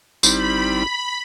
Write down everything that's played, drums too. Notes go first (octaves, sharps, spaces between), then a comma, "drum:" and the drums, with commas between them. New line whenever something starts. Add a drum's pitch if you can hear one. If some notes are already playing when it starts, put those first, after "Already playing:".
G1 G3 C4 D#4 E4 B5, drum: tambourine